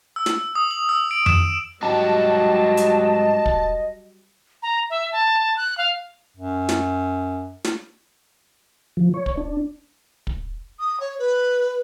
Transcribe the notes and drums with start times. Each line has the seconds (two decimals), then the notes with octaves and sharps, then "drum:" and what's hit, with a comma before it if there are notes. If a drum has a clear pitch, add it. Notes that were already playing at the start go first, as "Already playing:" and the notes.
0.16 E6
0.26 drum: snare
0.55 D#6
0.71 F#7
0.89 E6
1.11 D7
1.26 E7, drum: tom F2
1.83 G#2 F#3 G3 G4 D#5 A5
2.77 drum: hi-hat
3.46 drum: kick
4.62 A#5
4.90 E5
5.12 A5
5.57 F#6
5.78 F5
6.37 F#2
6.69 drum: snare
7.64 drum: snare
8.97 F3
9.14 C#5
9.26 drum: kick
9.37 D4
10.27 drum: kick
10.79 D#6
11.00 C#5
11.19 B4